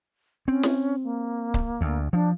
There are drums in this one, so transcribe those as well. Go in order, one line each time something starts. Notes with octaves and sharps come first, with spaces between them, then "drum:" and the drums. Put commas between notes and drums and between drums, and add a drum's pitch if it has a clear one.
C4 C#4
drum: snare
A#3
drum: kick C#1
D2
F3 D4